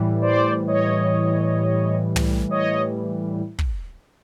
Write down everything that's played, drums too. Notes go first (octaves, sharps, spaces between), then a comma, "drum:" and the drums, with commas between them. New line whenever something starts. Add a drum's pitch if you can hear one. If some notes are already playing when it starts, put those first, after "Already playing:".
Already playing: A2 E3 G3
C5 D5
C#5 D#5
drum: tom
C#5 D#5
drum: kick